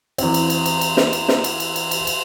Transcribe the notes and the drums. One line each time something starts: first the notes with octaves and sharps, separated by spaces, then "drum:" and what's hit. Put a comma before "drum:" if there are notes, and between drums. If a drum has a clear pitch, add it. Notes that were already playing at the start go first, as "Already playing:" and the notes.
E2 C4, drum: cymbal
drum: cymbal
drum: cymbal
drum: cymbal
drum: cymbal
drum: snare
drum: cymbal
drum: snare
drum: cymbal
drum: cymbal
drum: cymbal
drum: cymbal
drum: cymbal